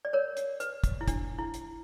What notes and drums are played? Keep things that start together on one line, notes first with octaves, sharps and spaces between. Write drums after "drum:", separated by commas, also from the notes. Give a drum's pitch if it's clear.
D5
A#4 C#5
drum: hi-hat
B4, drum: hi-hat
drum: kick, hi-hat
E4
D4, drum: kick, hi-hat
E4
drum: hi-hat